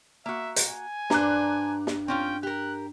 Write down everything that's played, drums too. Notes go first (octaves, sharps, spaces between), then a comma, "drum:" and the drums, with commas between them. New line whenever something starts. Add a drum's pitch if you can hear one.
A#3 F#4 E5
drum: hi-hat
G#5
G2 D4 C5 A#5 D6 F#6, drum: snare
drum: snare
C4 C#4 F4 G5
G4 A#4 F#6